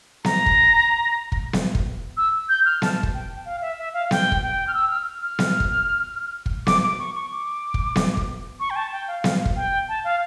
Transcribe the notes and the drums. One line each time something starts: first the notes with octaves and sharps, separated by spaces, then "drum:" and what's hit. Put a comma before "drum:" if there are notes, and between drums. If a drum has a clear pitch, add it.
A#5, drum: snare B3
drum: kick
drum: kick
drum: snare B3
drum: kick
E6
G6
F6
A5, drum: snare B3
drum: kick
G5
F5
E5
E5
F5
G5, drum: snare B3
drum: kick
G5
F6
E6
F6
F6
drum: snare B3
drum: kick
drum: kick
D6, drum: snare B3
D6
C#6
C#6
D6
drum: kick
drum: snare B3
drum: kick
C#6
G5
A5
G5
F5
F5, drum: snare B3
drum: kick
G5
A5
F5